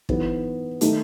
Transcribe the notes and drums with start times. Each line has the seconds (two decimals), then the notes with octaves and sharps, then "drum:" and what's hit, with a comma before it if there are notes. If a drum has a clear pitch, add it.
0.09 E3 B3 D#4, drum: kick
0.81 D#3 A3 D#4 A4, drum: hi-hat